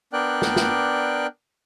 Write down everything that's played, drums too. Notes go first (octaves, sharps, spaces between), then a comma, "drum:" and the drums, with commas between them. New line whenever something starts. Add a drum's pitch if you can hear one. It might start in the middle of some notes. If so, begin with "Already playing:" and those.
B3 D4 A#4 D5 G5 F#6
drum: snare
drum: snare